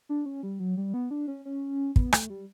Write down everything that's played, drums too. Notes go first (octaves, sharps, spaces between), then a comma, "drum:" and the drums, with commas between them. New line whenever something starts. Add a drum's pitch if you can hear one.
D4
C#4
G3
F#3
G3
B3
D4
C#4
C#4
B3, drum: kick
A3, drum: rim click
G3